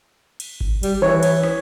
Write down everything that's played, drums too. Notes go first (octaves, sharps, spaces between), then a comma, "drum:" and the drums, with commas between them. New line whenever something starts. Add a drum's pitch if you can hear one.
drum: cymbal
drum: kick G1
G3, drum: cymbal
E3 C#5
drum: cymbal
drum: rim click